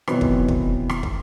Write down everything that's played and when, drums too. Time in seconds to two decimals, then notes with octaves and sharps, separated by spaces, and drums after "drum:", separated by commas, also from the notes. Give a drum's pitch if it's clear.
0.07 B2 D#3 E3 F#3 B3 C4, drum: rim click
0.21 drum: kick
0.48 drum: kick
0.89 drum: rim click
1.03 drum: kick